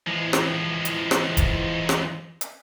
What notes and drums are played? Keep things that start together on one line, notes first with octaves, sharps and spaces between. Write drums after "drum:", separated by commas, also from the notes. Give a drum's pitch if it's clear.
E3 F3 G#3
drum: rim click
drum: hi-hat
drum: rim click
drum: kick E1, hi-hat
drum: rim click
drum: hi-hat